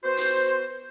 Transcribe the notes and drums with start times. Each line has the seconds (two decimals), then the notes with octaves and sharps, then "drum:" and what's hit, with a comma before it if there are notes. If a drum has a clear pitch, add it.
0.03 B3 F#4 C5
0.17 drum: open hi-hat